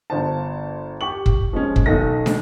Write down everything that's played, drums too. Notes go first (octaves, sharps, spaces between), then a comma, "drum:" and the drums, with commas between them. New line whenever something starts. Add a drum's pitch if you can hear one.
G1 C5 A5
G4 C#6 F#7
drum: kick
F3 G#3 C#4
drum: kick
B1 D#3 A4 D#5 A#6
drum: snare